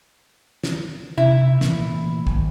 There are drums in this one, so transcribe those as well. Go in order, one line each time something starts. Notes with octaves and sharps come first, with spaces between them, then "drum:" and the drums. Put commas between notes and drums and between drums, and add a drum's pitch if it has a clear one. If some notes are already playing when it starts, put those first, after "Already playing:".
drum: snare
C3 E4
A#2 E3 A3, drum: snare
G#1, drum: kick